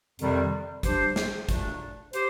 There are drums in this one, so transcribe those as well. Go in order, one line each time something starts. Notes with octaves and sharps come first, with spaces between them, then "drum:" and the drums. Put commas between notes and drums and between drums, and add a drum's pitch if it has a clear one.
F2 C3 D#3 G3, drum: hi-hat
G3 D4 G4 C5, drum: kick, hi-hat
drum: snare
A#2 A3 D4, drum: kick, hi-hat
G4 C5, drum: hi-hat